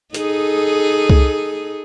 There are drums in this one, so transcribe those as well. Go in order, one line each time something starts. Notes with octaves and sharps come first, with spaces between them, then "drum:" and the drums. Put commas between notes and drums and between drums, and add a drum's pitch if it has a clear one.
D#4 G#4 A4, drum: hi-hat
drum: kick C2